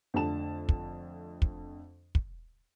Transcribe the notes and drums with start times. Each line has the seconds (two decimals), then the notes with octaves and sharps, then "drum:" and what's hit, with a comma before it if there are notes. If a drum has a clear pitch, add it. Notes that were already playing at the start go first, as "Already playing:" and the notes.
0.14 F2 D3 A3 D4 A5 E7
0.69 drum: kick
1.42 drum: kick
2.15 drum: kick